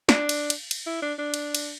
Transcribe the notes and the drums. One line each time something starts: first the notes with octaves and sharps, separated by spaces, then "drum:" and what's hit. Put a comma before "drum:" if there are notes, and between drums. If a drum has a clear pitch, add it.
D4, drum: snare
drum: cymbal
drum: cymbal
drum: cymbal
E4
D4
D4
drum: cymbal
drum: cymbal